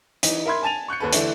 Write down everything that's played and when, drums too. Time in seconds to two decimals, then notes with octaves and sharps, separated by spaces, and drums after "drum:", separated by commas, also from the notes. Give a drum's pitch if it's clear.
0.23 E3 D#4, drum: hi-hat
0.45 A#4 E5 B5 C6 G#6
0.63 G#5 A5 A6 D#7 F7
0.88 C#6 F#6 G6 C#7
1.00 D#2 A4 B4
1.13 D3 E3 A3 D4 E4, drum: hi-hat